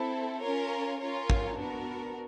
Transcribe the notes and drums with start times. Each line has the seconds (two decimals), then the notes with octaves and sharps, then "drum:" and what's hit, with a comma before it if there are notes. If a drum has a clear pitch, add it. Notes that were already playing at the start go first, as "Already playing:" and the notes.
Already playing: C4 E4 A4
0.41 C#4 F4 A#4 C#5
1.01 C#4 F4 A#4 C#5
1.30 drum: kick
1.59 B3 D4 F#4 A#4